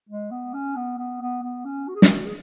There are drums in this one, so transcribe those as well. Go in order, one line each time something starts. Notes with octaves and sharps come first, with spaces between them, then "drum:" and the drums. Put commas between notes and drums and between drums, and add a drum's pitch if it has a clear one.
G#3
B3
C#4
B3
B3
B3
B3
C#4
F#4
G#4
F#4, drum: snare
G#4